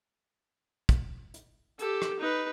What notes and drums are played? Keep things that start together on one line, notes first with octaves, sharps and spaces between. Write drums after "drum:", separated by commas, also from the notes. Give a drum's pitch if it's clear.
drum: kick, hi-hat
drum: hi-hat
G4 A4, drum: hi-hat
drum: rim click
D#4 B4